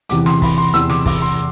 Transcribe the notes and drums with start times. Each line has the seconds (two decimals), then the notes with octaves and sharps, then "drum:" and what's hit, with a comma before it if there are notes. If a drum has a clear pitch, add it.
0.09 E2 C3 E3 D6, drum: hi-hat
0.26 C6, drum: snare
0.42 B5, drum: kick, open hi-hat
0.58 C6
0.74 E2 C3 E3 E6, drum: hi-hat
0.90 D6, drum: snare
1.06 D6, drum: kick, open hi-hat
1.22 C6